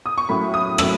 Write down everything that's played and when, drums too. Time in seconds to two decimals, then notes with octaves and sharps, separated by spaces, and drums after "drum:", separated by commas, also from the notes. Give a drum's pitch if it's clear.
0.06 D#6
0.18 C#6
0.29 A2 F#3 C#4 B5
0.54 D#6
0.78 A2 F#3 C#4 E6, drum: rim click